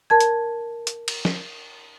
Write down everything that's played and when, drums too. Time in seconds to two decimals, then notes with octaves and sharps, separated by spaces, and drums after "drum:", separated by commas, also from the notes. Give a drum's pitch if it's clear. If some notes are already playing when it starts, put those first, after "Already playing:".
0.10 A#4 A5 G#6
0.20 drum: hi-hat
0.87 drum: hi-hat
1.08 drum: cymbal
1.25 drum: snare